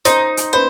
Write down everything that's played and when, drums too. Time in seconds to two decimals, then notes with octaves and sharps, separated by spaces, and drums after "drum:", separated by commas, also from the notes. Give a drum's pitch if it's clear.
0.05 D#4 C5 C6, drum: hi-hat
0.37 drum: hi-hat
0.53 B4 C5 B5